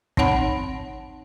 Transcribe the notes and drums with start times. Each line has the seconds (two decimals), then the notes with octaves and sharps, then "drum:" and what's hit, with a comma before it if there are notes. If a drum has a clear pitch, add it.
0.17 C4 D#4 C#5 F#5 A5 B5, drum: kick